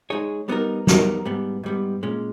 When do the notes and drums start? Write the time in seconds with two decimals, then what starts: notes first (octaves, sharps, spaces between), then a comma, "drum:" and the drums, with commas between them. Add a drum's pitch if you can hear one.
0.10 G#3 D#4 G#4 C#5
0.48 G3 B3 D#4 A#4
0.87 G3 B3 D#4 A#4, drum: snare
1.25 G#2 G3 B3
1.64 G#2 G3 B3
2.03 A#2 G#3 C#4